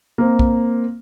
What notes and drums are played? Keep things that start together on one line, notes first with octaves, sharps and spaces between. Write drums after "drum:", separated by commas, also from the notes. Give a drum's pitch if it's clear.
A#3 C4
drum: kick